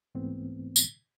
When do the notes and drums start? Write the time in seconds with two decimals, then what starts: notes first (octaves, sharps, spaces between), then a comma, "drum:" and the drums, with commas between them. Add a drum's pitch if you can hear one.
0.15 C2 G#2 E3 A3 B3 C4
0.76 drum: tambourine